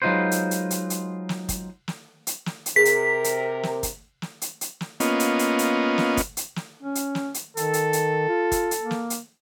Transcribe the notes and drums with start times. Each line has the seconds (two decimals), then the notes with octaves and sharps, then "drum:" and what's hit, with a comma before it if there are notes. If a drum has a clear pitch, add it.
0.02 F#3 G#3 D#4 F4 B4 C5
0.31 drum: hi-hat
0.51 drum: hi-hat
0.71 drum: hi-hat
0.90 drum: hi-hat
1.29 drum: snare
1.49 drum: kick, hi-hat
1.88 drum: snare
2.27 drum: hi-hat
2.46 drum: snare
2.66 drum: hi-hat
2.76 C3 G#4 A#4 B6
2.85 drum: hi-hat
3.24 drum: hi-hat
3.63 drum: snare
3.83 drum: kick, hi-hat
4.22 drum: snare
4.42 drum: hi-hat
4.61 drum: hi-hat
4.81 drum: snare
5.00 A#3 B3 C#4 F4 D#5, drum: hi-hat
5.20 drum: hi-hat
5.39 drum: hi-hat
5.59 drum: hi-hat
5.98 drum: snare
6.17 drum: kick, hi-hat
6.37 drum: hi-hat
6.56 drum: snare
6.83 C#4
6.95 drum: hi-hat
7.15 drum: snare
7.34 drum: hi-hat
7.57 D#3 A4, drum: hi-hat
7.73 drum: hi-hat
7.93 drum: hi-hat
8.29 F4
8.52 drum: kick, hi-hat
8.71 drum: hi-hat
8.81 A#3
8.91 drum: snare
9.10 drum: hi-hat